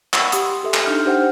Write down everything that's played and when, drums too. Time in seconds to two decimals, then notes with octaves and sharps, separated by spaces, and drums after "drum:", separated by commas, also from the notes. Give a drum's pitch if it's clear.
0.13 F#5 B5 C#6 E6, drum: clap
0.32 G4 D#6, drum: hi-hat
0.45 C6
0.63 G4 A4 E5
0.74 drum: clap
0.85 D4 D#4 F6 G6
1.06 G4 C5 F#5 G5